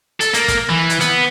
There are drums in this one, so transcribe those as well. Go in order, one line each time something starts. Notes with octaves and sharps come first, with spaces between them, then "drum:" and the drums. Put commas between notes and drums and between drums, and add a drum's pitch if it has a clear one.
A4, drum: hi-hat
A#3, drum: hi-hat
drum: kick, hi-hat
E3
drum: hi-hat
B3, drum: hi-hat